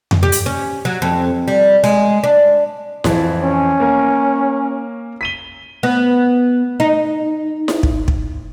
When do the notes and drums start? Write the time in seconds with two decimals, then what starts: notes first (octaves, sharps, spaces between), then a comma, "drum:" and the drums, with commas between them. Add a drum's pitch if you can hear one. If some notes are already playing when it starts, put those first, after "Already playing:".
0.11 drum: tom F2
0.23 G4
0.32 drum: hi-hat
0.46 C#4
0.85 F#3
1.02 F2
1.48 G3
1.84 G#3
2.24 D4
3.04 F2 E3 F3, drum: snare E4
3.42 C#4
3.80 A#3 A#4
5.21 B6 D#7 G7
5.83 B3
6.80 D#4
7.68 drum: snare E4
7.83 drum: kick
8.08 drum: kick